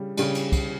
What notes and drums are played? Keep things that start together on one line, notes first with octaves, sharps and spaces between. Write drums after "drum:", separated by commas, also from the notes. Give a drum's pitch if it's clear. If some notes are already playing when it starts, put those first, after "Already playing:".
Already playing: C#3 G3
C#3 G3, drum: cymbal
drum: cymbal
drum: kick, cymbal